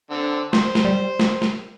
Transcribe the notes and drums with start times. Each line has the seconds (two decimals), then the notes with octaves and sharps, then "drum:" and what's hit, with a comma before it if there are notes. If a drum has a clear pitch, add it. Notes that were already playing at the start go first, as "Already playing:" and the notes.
0.11 D3 C4
0.53 C5 C6, drum: snare
0.75 drum: snare
0.84 G3
1.19 drum: snare
1.42 drum: snare